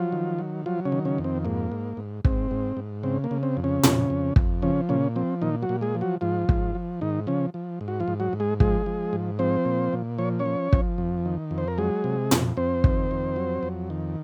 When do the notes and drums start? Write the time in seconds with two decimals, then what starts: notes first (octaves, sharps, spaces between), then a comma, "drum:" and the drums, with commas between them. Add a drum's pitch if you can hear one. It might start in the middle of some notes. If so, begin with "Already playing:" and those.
Already playing: F3 F#3 F4
0.12 D#3
0.39 F#3
0.66 F3 F#3 F4
0.85 C#3 C#4
0.92 D#3
1.05 C#3 C#4
1.18 F2
1.24 C4
1.45 G#2 A#3
1.72 G#2
1.97 G#2
2.25 G#2 C4, drum: kick
2.51 G#2
2.77 G#2
3.03 C#3 C4
3.24 A#3
3.31 C#3
3.43 C4
3.57 F2
3.64 C#3 C#4
3.83 F2, drum: tom A#2
4.10 F2
4.36 F2, drum: kick
4.62 C#3 F3 C#4
4.89 A#2 C#3 C#4
5.16 F3 C4
5.42 A#2 D#3 D#4
5.62 F#3 F#4
5.69 A#2
5.81 G#3 G#4
5.95 F3
6.01 F#3 F#4
6.21 G#2 F3 F4
6.49 G#2, drum: kick
6.75 F3
7.01 G#2 D#3 D#4
7.27 C#3 F3 C#4
7.54 F3
7.81 G#2
7.88 F#4
8.00 F3 F4
8.08 G#2
8.20 F#3 F#4
8.33 G#2
8.40 G#3 G#4
8.60 F3 G#3 G#4, drum: kick
8.86 F3
9.13 G#2
9.39 F3 C4 C5
9.65 A#2
9.93 A#2
10.18 F3 C#5
10.39 C#4 C#5
10.46 F3
10.73 F3, drum: kick
10.98 F2
11.25 D#3
11.51 F2
11.58 C5
11.68 A#4
11.78 F#3 G#3 G#4
12.04 C3
12.31 F2, drum: tom A#2
12.57 F2 C4 C5
12.84 D#3, drum: kick
13.11 F2
13.36 F#3
13.63 F2
13.90 D#3